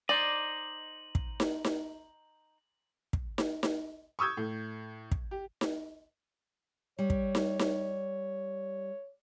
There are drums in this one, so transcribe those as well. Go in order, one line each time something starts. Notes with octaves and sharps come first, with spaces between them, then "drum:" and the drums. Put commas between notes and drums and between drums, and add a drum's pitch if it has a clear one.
D#4 C5 D5 D#5 F#7
drum: kick
drum: snare D#4
drum: snare D#4
drum: kick
drum: snare D#4
drum: snare D#4
C#6 D#6 E6 G6 G#6
A2
drum: kick
G4
drum: snare D#4
G3 C#5
drum: kick
drum: snare D#4
drum: snare D#4